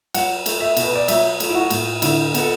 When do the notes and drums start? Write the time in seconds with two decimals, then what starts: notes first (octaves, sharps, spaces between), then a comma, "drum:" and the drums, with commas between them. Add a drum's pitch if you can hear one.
0.14 F#3 F#5, drum: cymbal
0.46 A3, drum: cymbal
0.61 E5
0.77 B2, drum: cymbal
0.83 B4
0.95 D5
1.08 F#3 E5, drum: cymbal
1.40 A3, drum: cymbal
1.49 E4
1.55 F#4
1.70 A2, drum: cymbal
2.02 D3 E4, drum: cymbal
2.34 B3, drum: cymbal
2.40 A4